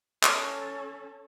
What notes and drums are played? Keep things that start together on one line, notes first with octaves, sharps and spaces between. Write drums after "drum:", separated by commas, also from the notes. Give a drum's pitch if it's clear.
C#4 A4, drum: clap